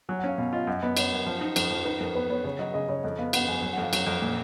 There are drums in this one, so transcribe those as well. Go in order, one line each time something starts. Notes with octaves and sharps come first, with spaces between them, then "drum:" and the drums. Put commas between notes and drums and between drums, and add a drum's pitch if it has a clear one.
F#3 G#5
F#5
C#4 F5
B2 F5
F4 D#5
F#2 D#5
B3 D#5
F#2 C#5, drum: cymbal
F#2 A#4
F3
D#4
F2, drum: cymbal
F3
D#4 B4
F2 A#4
B3 B4
B3 C#5
C#3 C#5
F#3 D#5
C#3 D#5
C#3 C#5
F2 D#5
B3 F5
B3 F#5, drum: cymbal
F2 G#5
F#3 G#5
F#5
F2
F5
F#3, drum: cymbal
F2
A#2